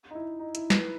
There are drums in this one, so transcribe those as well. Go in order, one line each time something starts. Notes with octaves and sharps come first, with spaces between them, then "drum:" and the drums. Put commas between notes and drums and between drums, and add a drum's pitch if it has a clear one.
D#4
E4
D#4
E4, drum: hi-hat
B4, drum: snare